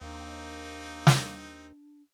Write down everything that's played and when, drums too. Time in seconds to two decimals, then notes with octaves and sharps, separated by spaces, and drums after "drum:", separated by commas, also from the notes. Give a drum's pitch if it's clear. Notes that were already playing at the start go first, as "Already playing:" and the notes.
0.01 D#2 A#3 C4 D4 D#4
1.07 drum: snare